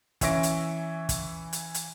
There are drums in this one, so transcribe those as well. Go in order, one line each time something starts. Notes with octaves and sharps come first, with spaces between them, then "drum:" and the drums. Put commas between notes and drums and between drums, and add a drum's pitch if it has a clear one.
E3 C#4 E5 C#6 A#6 D7, drum: kick, hi-hat
drum: hi-hat
drum: kick, hi-hat
drum: hi-hat
drum: hi-hat